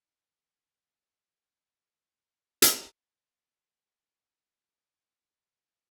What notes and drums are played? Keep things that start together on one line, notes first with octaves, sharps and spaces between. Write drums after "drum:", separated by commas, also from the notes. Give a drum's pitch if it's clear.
C3 D#3 D#4
drum: hi-hat
G4 G#4 B4 D5 D#5 F#5